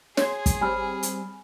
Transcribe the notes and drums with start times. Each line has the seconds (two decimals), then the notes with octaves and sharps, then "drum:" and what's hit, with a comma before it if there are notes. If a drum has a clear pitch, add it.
0.17 G#4 C#5 C6 G#6, drum: snare
0.46 drum: kick, hi-hat
0.61 G3 C4 G#5 B5 F6
1.03 drum: hi-hat